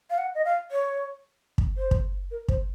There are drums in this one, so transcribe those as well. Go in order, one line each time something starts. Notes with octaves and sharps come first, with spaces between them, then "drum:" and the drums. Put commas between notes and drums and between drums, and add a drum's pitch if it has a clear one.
F5
F#5
D#5
F5
C#5
drum: kick
C5
drum: kick
A#4
C5, drum: kick